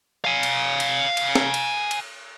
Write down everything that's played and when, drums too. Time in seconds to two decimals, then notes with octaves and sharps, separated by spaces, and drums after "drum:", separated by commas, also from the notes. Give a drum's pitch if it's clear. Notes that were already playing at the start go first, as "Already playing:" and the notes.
0.25 F5 G#5
0.43 drum: cymbal
0.80 drum: cymbal
1.17 drum: cymbal
1.35 drum: snare
1.54 drum: cymbal
1.91 drum: cymbal